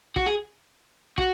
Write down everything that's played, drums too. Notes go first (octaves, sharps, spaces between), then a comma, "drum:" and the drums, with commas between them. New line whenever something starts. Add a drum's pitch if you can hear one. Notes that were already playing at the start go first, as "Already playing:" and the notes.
F#4, drum: kick
G#4
F#4, drum: kick